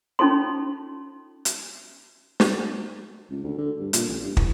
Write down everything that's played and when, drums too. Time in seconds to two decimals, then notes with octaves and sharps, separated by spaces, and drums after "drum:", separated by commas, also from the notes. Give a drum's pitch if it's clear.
0.19 C#4 D#4 F4 A4 C6
1.45 drum: hi-hat
2.40 drum: snare
3.30 C#2
3.44 D2
3.58 D3
3.80 G2
3.93 A#2, drum: hi-hat
4.08 A1
4.23 G2
4.37 E3, drum: kick